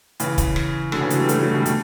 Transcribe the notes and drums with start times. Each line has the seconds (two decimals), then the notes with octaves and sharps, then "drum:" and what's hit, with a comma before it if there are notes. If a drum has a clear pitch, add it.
0.20 C#3 E3, drum: hi-hat
0.38 drum: kick, hi-hat
0.56 drum: rim click
0.92 D3 F#3, drum: rim click
1.01 C#3 E3
1.10 D3 F#3, drum: hi-hat
1.19 E3 G3
1.29 F#3 A3, drum: hi-hat
1.41 E3 G3
1.53 B2 D3
1.61 G3
1.66 F#3 A3, drum: hi-hat